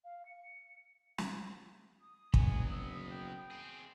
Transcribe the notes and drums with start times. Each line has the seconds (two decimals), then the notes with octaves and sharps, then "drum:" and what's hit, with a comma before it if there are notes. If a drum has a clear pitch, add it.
0.04 F5
0.26 C#7
1.18 drum: snare
2.01 D#6
2.34 F#1 F#3 B3 G#5, drum: kick
2.70 C4
3.11 G5
3.51 C4 G#4